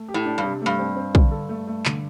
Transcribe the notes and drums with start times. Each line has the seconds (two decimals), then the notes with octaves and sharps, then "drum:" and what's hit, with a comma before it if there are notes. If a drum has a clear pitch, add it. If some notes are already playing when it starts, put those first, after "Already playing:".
Already playing: A3
0.08 G4
0.14 A2
0.25 D4
0.38 G2
0.44 C3
0.62 G2 A3
0.79 C4
0.97 C4
1.15 D3, drum: kick
1.31 A4
1.49 A3
1.67 A3
1.85 D3, drum: clap